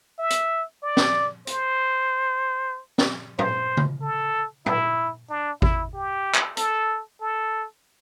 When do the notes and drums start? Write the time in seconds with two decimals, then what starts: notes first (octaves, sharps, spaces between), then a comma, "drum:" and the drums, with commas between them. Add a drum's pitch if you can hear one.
0.19 E5
0.30 drum: hi-hat
0.83 D5
0.97 drum: snare
1.47 C5, drum: hi-hat
2.98 drum: snare
3.39 C5, drum: tom
3.77 drum: tom C#3
4.02 A4
4.66 E4, drum: tom
5.30 D4
5.62 E4, drum: kick G#1
5.94 G4
6.35 drum: clap
6.57 A4, drum: hi-hat
7.21 A4